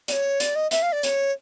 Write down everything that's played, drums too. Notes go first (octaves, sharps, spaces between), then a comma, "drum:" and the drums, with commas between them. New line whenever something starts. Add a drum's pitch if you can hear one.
D5, drum: hi-hat
C#5
D5, drum: hi-hat
D#5
E5, drum: hi-hat
F5
D5
C#5, drum: hi-hat